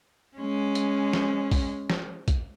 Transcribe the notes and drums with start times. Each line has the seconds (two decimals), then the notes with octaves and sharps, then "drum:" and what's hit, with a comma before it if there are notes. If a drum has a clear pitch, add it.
0.37 G#3 C#4
0.75 drum: hi-hat
1.13 drum: snare
1.52 drum: kick, open hi-hat
1.90 drum: snare
2.28 drum: kick, hi-hat